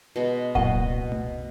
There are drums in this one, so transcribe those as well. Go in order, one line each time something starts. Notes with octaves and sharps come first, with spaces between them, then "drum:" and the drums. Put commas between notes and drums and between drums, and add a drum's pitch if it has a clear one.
B2 G#3
C2 F#2 A#2 D#5 F#5, drum: kick D1
drum: tom A3